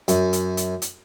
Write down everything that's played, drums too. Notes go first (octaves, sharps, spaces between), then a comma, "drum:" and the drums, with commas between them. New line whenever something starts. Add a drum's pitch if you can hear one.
F#2, drum: hi-hat
drum: hi-hat
drum: hi-hat
drum: hi-hat